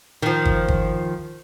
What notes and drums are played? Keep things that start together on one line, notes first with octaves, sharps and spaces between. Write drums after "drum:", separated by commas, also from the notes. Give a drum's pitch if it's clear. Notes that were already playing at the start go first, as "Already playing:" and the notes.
D#3 F3
drum: kick
drum: kick